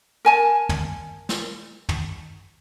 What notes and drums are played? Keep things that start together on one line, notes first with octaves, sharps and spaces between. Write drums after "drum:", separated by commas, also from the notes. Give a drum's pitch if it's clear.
A#4 G#5 A5
drum: tom
drum: snare
drum: tom